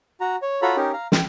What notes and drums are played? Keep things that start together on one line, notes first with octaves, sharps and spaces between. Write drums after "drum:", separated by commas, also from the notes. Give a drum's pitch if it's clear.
F#4 A#5
C#5
F4 F#4 A4 C#5 A#5 B5
C#4 D#4 G4 A#4
F5 A#5
G5, drum: snare